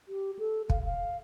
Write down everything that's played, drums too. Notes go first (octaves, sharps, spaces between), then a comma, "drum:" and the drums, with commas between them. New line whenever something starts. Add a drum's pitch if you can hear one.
G4
A4
F5, drum: kick
F5